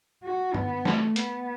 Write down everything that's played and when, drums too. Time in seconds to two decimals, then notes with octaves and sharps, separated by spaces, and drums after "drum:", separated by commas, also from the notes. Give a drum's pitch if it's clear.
0.24 F#4
0.54 B3, drum: tom
0.85 A3, drum: snare
1.16 B3, drum: hi-hat